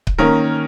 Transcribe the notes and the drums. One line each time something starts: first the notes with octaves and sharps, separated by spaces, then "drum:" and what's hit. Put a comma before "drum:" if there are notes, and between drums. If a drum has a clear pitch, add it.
drum: kick C#1
D#3 A#3 C#4 A#4